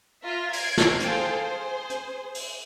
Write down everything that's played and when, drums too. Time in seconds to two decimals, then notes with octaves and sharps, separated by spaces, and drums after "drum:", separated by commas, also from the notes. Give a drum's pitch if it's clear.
0.22 F4 E5 A#5
0.53 G#6 C7 D7, drum: open hi-hat
0.78 drum: snare
1.00 G#4 A4 C5 F5 G5 A5, drum: hi-hat
1.37 G#4 C5
1.90 drum: hi-hat
2.35 drum: open hi-hat